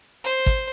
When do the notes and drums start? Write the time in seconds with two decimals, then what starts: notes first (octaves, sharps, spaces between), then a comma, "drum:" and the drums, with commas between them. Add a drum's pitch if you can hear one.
0.24 C5
0.46 drum: kick, hi-hat